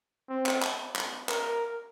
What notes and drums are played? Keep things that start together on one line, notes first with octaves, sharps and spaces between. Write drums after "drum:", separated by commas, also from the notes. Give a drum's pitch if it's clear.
C4
drum: clap
drum: clap
drum: clap
A#4, drum: clap